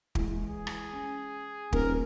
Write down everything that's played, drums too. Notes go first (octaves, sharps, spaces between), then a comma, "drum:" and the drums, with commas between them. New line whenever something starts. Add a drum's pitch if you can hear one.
E3 G#3, drum: kick
G#4
drum: rim click
C#4
D#1 A#4, drum: kick